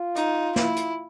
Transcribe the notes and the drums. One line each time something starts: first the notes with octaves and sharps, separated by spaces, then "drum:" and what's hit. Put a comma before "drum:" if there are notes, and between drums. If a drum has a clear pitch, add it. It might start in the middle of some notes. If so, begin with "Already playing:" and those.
Already playing: F4
D#4, drum: hi-hat
E4, drum: snare
drum: hi-hat